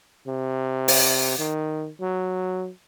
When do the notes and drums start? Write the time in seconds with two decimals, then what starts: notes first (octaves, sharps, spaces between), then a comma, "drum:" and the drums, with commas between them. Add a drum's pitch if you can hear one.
0.27 C3
0.88 drum: open hi-hat
1.39 D#3
2.00 F#3